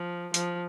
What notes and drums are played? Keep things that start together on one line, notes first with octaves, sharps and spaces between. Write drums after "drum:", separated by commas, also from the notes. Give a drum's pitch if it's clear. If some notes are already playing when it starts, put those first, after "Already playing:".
Already playing: F3
F3, drum: hi-hat